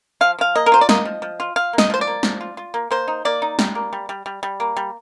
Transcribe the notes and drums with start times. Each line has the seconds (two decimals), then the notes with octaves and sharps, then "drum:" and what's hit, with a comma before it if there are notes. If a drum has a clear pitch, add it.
0.21 F3 F5
0.39 F3 F5
0.55 A#3 D#5
0.66 A#4
0.72 F4 C5
0.81 D5
0.89 A#3 D#5, drum: snare
1.05 F3
1.22 F3
1.40 F4
1.56 F4 F5
1.73 A#3
1.78 D#5, drum: snare
1.90 F3 C5
2.01 D5
2.07 A#3
2.23 F3, drum: snare
2.41 F4
2.57 F4
2.74 A#3
2.91 A#3 C5
3.08 D#4
3.25 A#3 D5
3.42 D#4
3.59 G3, drum: snare
3.75 A#3
3.93 G3
4.09 G3
4.26 G3
4.43 G3
4.60 A#3
4.77 G3